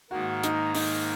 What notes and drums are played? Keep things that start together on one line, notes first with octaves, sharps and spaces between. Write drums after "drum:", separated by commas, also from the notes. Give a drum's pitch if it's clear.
G#2 D#3 A#3 F#4
D#4, drum: hi-hat
D#4, drum: open hi-hat